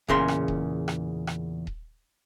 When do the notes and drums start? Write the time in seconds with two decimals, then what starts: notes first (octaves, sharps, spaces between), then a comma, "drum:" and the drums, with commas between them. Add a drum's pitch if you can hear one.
0.08 E2 A#2 C#3 A#4 C6, drum: kick D#1
0.28 drum: rim click
0.48 drum: kick D#1
0.88 drum: rim click
1.27 drum: rim click
1.67 drum: kick D#1